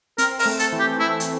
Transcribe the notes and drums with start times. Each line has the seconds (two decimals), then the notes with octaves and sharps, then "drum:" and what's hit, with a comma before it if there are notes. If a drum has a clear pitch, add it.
0.18 C4 A#4, drum: hi-hat
0.39 A#4, drum: open hi-hat
0.46 A3
0.59 A4, drum: hi-hat
0.72 E3
0.79 G4
0.99 A3 E4
1.20 drum: hi-hat